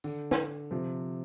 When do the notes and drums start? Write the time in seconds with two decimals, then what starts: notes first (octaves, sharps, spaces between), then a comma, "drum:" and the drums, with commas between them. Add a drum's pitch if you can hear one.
0.04 D3, drum: tambourine
0.31 drum: snare B4
0.71 C3 F3